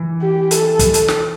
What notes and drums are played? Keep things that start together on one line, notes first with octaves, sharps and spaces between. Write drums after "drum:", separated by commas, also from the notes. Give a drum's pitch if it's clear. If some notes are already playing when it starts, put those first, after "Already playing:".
Already playing: E3
G4
A4, drum: hi-hat
drum: kick, hi-hat
drum: hi-hat
drum: snare